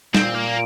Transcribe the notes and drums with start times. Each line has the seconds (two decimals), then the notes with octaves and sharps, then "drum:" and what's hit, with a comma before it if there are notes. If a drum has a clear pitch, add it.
0.14 A#2 C4, drum: snare
0.35 A#3